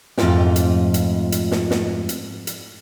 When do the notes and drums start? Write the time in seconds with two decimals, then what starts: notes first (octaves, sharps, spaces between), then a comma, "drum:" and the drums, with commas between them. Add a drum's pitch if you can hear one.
0.18 F2 G#2 A3 F4 F5 G5, drum: snare
0.56 drum: hi-hat
0.94 drum: hi-hat
1.32 drum: hi-hat
1.51 drum: snare
1.71 drum: snare
2.09 drum: hi-hat
2.47 drum: hi-hat